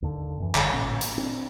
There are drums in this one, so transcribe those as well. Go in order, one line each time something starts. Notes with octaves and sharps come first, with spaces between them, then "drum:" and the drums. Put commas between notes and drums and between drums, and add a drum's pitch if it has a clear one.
D#2 D3
F#2 E3
G1 D3, drum: clap
A1 A#2 C#4
drum: hi-hat
C4 D4